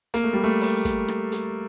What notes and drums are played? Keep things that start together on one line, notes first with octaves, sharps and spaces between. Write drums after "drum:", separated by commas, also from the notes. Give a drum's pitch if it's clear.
A#3, drum: hi-hat
A3
G3
A3
drum: open hi-hat
drum: kick, hi-hat
drum: rim click
drum: hi-hat